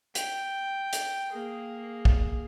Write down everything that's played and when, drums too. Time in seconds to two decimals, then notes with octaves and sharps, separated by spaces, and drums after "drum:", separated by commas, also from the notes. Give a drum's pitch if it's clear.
0.15 G5, drum: hi-hat
0.93 drum: hi-hat
1.32 A#3 G#4
2.05 drum: kick